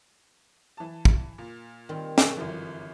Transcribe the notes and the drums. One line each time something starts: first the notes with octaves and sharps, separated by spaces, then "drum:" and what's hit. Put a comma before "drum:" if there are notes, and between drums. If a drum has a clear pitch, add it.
E3 A5
drum: kick
A#2
D#3 G3 C4
drum: snare
G1 F#2 E3